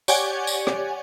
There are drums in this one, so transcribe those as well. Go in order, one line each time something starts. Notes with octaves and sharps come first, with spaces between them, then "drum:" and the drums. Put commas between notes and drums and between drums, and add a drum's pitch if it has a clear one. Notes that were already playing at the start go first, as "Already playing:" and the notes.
G4 C#5 D5 F#5 G#5, drum: tambourine
drum: tambourine
drum: rim click